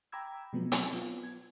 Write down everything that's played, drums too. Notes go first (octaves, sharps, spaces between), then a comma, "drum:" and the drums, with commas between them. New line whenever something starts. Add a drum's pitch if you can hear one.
G5 A#5 B5 D6 E6 G#6
B2 F3 F#3 G#3 B3 C4
F#3 C4, drum: hi-hat
B3 F4
G#6